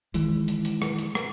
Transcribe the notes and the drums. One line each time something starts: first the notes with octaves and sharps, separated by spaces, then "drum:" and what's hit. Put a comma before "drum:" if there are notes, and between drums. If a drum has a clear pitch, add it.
D#3 E3 G#3, drum: hi-hat
drum: hi-hat
drum: hi-hat
drum: rim click
drum: hi-hat
drum: rim click